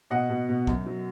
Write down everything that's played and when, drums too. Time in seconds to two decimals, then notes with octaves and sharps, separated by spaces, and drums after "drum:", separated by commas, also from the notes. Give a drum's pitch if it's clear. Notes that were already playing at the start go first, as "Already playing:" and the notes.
0.10 B2 D#5 F#5
0.29 B2
0.48 B2
0.67 F#2, drum: kick
0.86 F#3